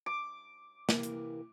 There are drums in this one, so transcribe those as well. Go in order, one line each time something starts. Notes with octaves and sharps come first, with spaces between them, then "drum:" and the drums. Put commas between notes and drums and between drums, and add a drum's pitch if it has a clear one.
D6
C3 E3 A#3, drum: snare
drum: hi-hat